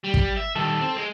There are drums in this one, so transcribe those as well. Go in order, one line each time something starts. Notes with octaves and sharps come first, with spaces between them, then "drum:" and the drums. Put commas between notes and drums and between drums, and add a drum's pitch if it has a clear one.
G3
drum: kick
E5
D#3 G3 A4
C4
G#3